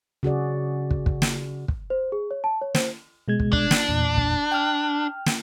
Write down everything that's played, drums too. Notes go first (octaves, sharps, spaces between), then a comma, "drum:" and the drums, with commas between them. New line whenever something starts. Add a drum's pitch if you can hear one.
C#3 F#4 G#4 D5
drum: kick
drum: kick
drum: snare
drum: kick
C5
G#4
C#5
A5
C#5
C5, drum: snare
B2 G#3 G#6
drum: kick
D4, drum: kick
drum: snare
E2 A#2
drum: kick
G5 F6
drum: snare